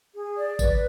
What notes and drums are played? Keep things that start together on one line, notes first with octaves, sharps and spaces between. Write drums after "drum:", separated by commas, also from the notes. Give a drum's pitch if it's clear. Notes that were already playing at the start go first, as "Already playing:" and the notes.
G#4
D5
B4, drum: kick, tambourine